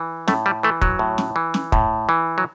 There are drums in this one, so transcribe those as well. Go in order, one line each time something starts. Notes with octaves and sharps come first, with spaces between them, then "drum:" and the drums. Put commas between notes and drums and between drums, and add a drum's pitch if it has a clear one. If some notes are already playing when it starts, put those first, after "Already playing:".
Already playing: E3
A2 A3, drum: snare
G3
E3 A3
F#3, drum: kick
A2
drum: snare
E3
drum: snare
A2, drum: kick
E3
F#3